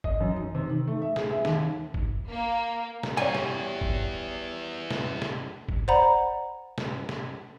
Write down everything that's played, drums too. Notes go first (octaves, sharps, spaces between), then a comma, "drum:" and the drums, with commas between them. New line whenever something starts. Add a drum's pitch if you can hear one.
D#5, drum: kick
F#2
D#4
C3
D#3
A3
E5
G#4, drum: snare
E5
D#2, drum: snare
drum: kick
A#3
drum: snare
E2 G3 F#4 C#5 G#5
drum: snare
drum: kick
drum: snare
drum: snare
drum: kick
C5 D5 F#5 A#5 B5
drum: snare
drum: snare